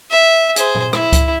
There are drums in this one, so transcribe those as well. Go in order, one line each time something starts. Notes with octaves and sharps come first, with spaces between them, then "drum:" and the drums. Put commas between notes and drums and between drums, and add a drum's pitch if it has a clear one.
E5
G#4 C5, drum: hi-hat
drum: tom A#2
E4, drum: rim click
drum: kick C#2, hi-hat